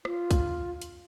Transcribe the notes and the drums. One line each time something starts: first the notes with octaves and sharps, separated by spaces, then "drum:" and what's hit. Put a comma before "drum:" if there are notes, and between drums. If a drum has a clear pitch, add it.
F4, drum: rim click
drum: kick, hi-hat
drum: hi-hat